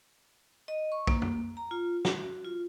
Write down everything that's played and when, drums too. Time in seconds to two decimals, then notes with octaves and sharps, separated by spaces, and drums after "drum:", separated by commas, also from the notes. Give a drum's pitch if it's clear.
0.68 D#5
0.92 C#6
1.07 A#3, drum: kick
1.22 drum: tom F2
1.57 A#5
1.71 F4
2.05 F#4, drum: snare
2.45 F4